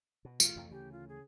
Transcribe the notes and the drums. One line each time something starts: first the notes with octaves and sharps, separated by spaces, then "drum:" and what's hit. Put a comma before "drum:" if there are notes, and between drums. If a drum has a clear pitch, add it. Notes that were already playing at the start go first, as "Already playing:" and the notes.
B2
D2 E3 A3 F4, drum: tambourine
F2 C3
C#3 G4
F4
G#4